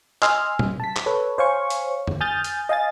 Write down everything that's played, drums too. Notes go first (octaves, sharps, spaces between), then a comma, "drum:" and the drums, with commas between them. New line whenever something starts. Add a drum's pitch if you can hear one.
D#5 G#5 C6 E6 F6, drum: clap
drum: tom
A5 B6
drum: clap
A4 B4 C#5
C5 C#5 F5 G#5 C#6
drum: hi-hat
drum: tom F2
G#5 D#6 F6 G6 A6
drum: hi-hat
D#5 F5 G#5 A6